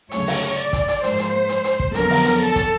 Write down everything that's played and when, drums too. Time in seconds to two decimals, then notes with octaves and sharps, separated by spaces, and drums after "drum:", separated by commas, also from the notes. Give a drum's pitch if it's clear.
0.11 D2 C#3 F#3 A3 C#5, drum: hi-hat
0.27 drum: open hi-hat
0.42 drum: hi-hat
0.58 D5
0.73 drum: kick, hi-hat
0.88 drum: hi-hat
1.04 G#2 F3 A#3 C5, drum: hi-hat
1.19 drum: hi-hat
1.49 drum: hi-hat
1.64 drum: hi-hat
1.80 drum: kick
1.95 F2 D3 F#3 B3 A#4, drum: hi-hat
2.10 drum: open hi-hat
2.25 drum: hi-hat
2.41 A4
2.56 drum: kick, hi-hat